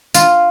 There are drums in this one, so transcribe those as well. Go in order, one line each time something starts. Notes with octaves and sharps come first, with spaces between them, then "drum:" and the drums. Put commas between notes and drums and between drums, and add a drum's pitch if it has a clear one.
F4, drum: tambourine